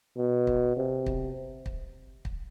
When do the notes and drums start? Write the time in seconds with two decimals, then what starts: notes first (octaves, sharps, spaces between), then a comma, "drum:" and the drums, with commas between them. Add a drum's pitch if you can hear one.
0.17 B2
0.47 drum: kick
0.77 C3
1.06 drum: kick
1.66 drum: kick
2.25 drum: kick